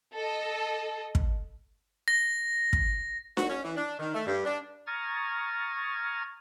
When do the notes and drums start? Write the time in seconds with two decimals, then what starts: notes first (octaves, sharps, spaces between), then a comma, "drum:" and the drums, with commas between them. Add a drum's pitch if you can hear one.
0.15 A4 D#5
1.15 drum: kick
2.08 A#6
2.73 drum: kick
3.37 F#4, drum: snare D4
3.50 C#4
3.64 E3
3.76 D4
3.99 D#3
4.14 A3
4.27 G2
4.45 D4
4.87 A#5 C#6 D#6 F6 G#6 A6